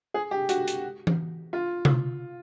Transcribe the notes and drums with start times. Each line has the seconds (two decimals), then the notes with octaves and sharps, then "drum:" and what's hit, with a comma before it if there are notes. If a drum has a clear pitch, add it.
0.14 G#4
0.31 G4
0.49 F#4, drum: hi-hat
0.68 drum: hi-hat
1.07 drum: tom E3
1.53 F4
1.85 drum: tom C3